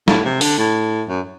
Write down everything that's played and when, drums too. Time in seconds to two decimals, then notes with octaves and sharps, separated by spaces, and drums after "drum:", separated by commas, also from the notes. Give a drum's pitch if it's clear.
0.08 A2, drum: snare
0.25 C3
0.41 D3, drum: open hi-hat
0.58 A2
1.08 F#2